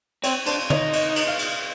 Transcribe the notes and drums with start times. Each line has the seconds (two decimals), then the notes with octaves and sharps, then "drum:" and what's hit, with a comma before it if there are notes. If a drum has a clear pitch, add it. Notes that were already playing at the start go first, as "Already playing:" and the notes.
0.23 C4 C#5, drum: cymbal
0.46 D4 C5, drum: cymbal
0.70 D#4 C#5, drum: tom
0.93 D#5, drum: cymbal
1.16 drum: cymbal
1.27 F5
1.39 drum: cymbal